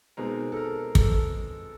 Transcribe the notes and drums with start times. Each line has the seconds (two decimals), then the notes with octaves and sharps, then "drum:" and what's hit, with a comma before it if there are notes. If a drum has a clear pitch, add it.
0.17 B2 G#3 C4 D#4 A#4
0.52 A4
0.56 A#4
0.95 A4, drum: kick